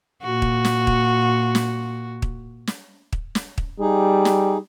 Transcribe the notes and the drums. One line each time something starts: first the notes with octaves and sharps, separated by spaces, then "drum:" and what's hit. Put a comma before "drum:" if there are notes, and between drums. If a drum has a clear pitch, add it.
A#2 F#4
drum: kick
drum: snare
drum: kick
drum: snare
drum: kick
drum: snare
drum: kick
drum: snare
drum: kick
G3 D#4 G#4
drum: snare